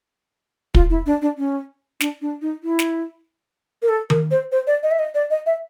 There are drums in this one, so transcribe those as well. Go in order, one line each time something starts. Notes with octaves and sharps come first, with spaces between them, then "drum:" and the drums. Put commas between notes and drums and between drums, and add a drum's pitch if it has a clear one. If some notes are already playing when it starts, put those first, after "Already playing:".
F4, drum: kick
E4
D4
D4
C#4
D4, drum: snare
D4
D#4
E4
drum: snare
A#4
A4
A#4, drum: tom D#3
C5
C5
D5
D#5
E5
D#5
D5
D#5
E5